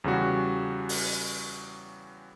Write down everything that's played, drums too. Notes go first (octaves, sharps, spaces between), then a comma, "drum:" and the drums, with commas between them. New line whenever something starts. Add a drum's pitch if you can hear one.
E2 C#3 G3 F#4
drum: open hi-hat